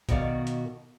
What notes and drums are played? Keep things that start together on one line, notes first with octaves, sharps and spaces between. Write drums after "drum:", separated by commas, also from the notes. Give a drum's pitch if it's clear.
B2 D#3 F#4 A#4 D5 F5, drum: kick A1, hi-hat
drum: hi-hat